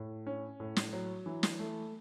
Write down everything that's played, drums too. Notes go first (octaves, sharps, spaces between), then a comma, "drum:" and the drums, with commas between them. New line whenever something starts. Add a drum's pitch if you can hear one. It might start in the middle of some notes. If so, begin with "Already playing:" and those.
Already playing: A2
C#4
A2
drum: snare
F#3
E3
drum: snare
A3